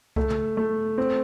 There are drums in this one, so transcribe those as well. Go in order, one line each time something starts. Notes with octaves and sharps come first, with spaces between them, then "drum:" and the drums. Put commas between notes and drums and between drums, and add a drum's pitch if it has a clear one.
A3, drum: kick C2
drum: tom
A3
C4